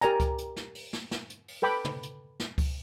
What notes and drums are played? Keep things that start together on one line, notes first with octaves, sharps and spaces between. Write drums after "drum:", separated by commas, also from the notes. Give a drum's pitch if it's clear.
G4 A#4 D5 G#5 A#5, drum: hi-hat
drum: kick C#2, hi-hat
drum: hi-hat
drum: snare
drum: open hi-hat
drum: snare
drum: snare
drum: hi-hat
drum: open hi-hat
A4 B4 G5 B5 D6
drum: tom
drum: hi-hat
drum: snare
drum: kick C#2, open hi-hat